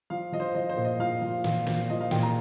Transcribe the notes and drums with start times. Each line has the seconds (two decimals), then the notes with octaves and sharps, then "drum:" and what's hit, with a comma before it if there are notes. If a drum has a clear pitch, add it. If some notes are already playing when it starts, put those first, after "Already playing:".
0.10 F3 F5
0.32 F3 D#5
0.40 C5
0.55 F3 D#5
0.69 C5
0.77 A#2
0.85 D#5
0.99 F3 F5
1.21 F3
1.44 A#2, drum: snare
1.67 A#2, drum: snare
1.90 F3 D#5
2.01 F5
2.11 A#2 G5, drum: snare
2.22 A#5